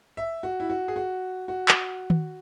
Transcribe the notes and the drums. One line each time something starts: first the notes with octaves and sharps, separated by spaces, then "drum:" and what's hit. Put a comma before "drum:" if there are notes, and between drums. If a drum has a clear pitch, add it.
E5
F#4
E4
F#4
G#4
F#4
F#4
drum: clap
drum: tom D#3